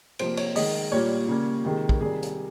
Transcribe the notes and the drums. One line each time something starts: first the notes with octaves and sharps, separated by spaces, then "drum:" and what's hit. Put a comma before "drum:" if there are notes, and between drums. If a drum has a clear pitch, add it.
C3 F3 A#3 C5, drum: cymbal
C#5, drum: cymbal
D#3 G#3 D#5, drum: open hi-hat
A#2 G3 A#3 C#5
C#3 G3 A#3
C3 D#3 G#3
drum: kick A#1
C3 D#3 G3 G#4
drum: hi-hat